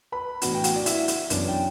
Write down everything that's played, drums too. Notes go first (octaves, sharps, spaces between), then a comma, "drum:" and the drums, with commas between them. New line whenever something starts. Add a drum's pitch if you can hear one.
B4 B5
A2 E3 B3 D4 F#4 F#5, drum: hi-hat
G5
F#4 F#5, drum: hi-hat
D5
E4 E5, drum: hi-hat
drum: hi-hat
F#2 E3 B3 D4 D5, drum: hi-hat
G5